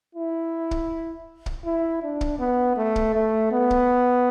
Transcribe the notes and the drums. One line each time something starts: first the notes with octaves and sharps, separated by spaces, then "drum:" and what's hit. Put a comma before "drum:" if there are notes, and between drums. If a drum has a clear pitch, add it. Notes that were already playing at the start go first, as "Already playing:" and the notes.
E4
drum: kick
drum: kick
E4
D4
drum: kick
B3
A3
drum: kick
A3
B3
drum: kick